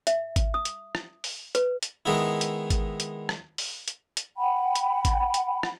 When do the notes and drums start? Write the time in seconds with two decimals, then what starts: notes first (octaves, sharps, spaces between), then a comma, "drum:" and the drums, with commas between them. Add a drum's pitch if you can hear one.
0.07 E5, drum: hi-hat
0.36 drum: kick G#1, hi-hat
0.54 D#6
0.65 drum: hi-hat
0.95 drum: rim click
1.24 drum: open hi-hat
1.55 B4, drum: hi-hat
1.83 drum: hi-hat
2.06 D#3 G#3 B3 D#4 E4
2.41 drum: hi-hat
2.70 drum: kick G#1, hi-hat
3.00 drum: hi-hat
3.29 drum: rim click
3.58 drum: open hi-hat
3.88 drum: hi-hat
4.17 drum: hi-hat
4.38 F#5 G5 B5
4.75 drum: hi-hat
5.05 drum: kick G#1, hi-hat
5.34 drum: hi-hat
5.63 drum: rim click